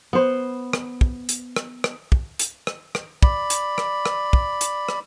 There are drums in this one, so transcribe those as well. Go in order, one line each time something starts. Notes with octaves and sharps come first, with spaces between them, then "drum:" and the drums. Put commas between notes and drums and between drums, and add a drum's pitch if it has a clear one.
B3 C5
drum: rim click
drum: kick
drum: hi-hat
drum: rim click
drum: rim click
drum: kick
drum: hi-hat
drum: rim click
drum: rim click
D5 B5, drum: kick
drum: hi-hat
drum: rim click
drum: rim click
drum: kick
drum: hi-hat
drum: rim click